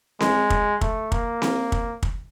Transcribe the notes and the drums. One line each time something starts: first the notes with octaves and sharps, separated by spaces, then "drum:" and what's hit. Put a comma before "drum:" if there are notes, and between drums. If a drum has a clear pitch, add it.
G#3, drum: snare C4
drum: kick
A3, drum: kick
A#3, drum: kick
drum: snare C4
drum: kick
drum: kick